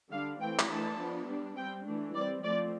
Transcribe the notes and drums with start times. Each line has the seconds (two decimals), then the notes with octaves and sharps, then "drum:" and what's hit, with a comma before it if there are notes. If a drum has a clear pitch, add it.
0.11 D3 G3 D4 F5
0.40 E3 A3 C4 G5
0.59 drum: clap
0.69 E3 A3 D4 A5
0.98 F3 B3 D4
1.27 G3 D4
1.57 G3 C4 G5
1.85 E3 A3 D4
2.15 G3 C4 D5
2.43 F3 A3 C4 D5